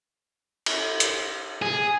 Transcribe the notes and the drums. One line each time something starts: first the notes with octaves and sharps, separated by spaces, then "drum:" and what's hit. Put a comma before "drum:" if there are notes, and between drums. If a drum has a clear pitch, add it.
drum: cymbal
drum: hi-hat
G#4